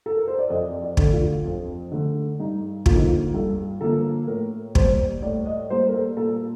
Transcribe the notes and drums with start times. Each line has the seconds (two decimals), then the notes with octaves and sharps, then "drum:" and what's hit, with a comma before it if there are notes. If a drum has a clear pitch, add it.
0.06 A4
0.17 A#4
0.28 C5
0.39 D5
0.50 F2 D#5
0.82 D5
0.97 D3 A3, drum: kick
1.13 F4
1.45 F2
1.91 D3 A3
2.39 G2 D#4
2.86 D3 F3 A#3 F4, drum: kick
2.95 D#4
3.02 F4
3.34 G2 A4
3.80 D3 F3 A#3 A4
4.27 A2 A#4
4.75 G3 A#3 C5, drum: kick
5.22 A2 D5
5.46 D#5
5.70 G3 A#3 C5
5.89 A#4
5.93 A4
6.17 A#2 A4